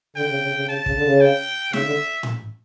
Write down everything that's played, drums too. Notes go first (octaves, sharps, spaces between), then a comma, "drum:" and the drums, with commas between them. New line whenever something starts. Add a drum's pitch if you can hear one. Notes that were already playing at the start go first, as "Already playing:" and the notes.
D3 G5
C#3
C#3
C#3
C#3 A5
C#3, drum: kick
D3
C#3
G5
C#3 E5, drum: snare
D3
drum: tom A2